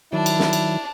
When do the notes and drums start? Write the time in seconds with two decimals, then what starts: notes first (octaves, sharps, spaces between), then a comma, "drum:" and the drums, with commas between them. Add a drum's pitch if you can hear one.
0.13 D#3 F#3 D4 E4
0.26 drum: cymbal
0.39 drum: snare
0.53 drum: cymbal